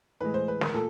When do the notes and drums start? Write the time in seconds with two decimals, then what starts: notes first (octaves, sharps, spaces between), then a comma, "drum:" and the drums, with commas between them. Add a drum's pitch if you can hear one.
0.20 A2 E3 G#3 B4
0.34 C5
0.48 B4
0.61 A#4, drum: snare
0.74 A#2 A4